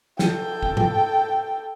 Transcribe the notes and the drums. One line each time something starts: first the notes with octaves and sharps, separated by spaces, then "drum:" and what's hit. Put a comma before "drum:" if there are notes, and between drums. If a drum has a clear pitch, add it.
A4 G5, drum: snare
drum: kick
drum: tom G#2